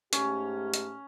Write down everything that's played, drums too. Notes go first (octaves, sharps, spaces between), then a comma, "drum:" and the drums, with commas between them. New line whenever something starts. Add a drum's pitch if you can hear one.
G#2 A3 C#4 G4, drum: hi-hat
drum: hi-hat